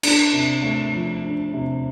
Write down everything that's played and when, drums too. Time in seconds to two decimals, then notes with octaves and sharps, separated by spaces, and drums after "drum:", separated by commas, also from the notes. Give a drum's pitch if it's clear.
0.03 D4, drum: cymbal
0.33 C3
0.63 A3
0.93 F3
1.23 D4
1.53 C3